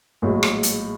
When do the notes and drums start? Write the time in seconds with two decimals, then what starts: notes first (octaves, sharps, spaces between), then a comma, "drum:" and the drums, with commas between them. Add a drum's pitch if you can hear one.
0.22 A#1 A2 F#3 G#3
0.43 drum: rim click
0.63 drum: hi-hat